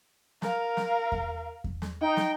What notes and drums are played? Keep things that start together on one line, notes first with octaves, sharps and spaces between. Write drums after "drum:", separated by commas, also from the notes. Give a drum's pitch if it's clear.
A#4 F5, drum: snare
drum: snare
drum: kick E2
drum: kick E2
drum: snare
D#4 G5
drum: snare